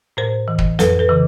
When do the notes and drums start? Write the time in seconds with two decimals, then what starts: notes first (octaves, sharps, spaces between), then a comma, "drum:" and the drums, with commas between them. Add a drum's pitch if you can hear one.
0.17 A2 A#4 C5
0.48 E3
0.59 drum: kick
0.79 F2 A4 B4, drum: snare
0.99 A4 B4
1.09 C#3 E3